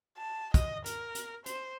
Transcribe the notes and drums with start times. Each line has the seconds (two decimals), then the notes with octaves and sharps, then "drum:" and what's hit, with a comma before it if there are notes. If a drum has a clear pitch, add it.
0.17 A5
0.54 D#5, drum: kick, hi-hat
0.85 A#4, drum: hi-hat
1.15 drum: hi-hat
1.46 C5, drum: hi-hat